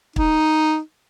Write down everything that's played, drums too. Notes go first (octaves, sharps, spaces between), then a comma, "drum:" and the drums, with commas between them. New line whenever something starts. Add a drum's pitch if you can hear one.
D#4, drum: kick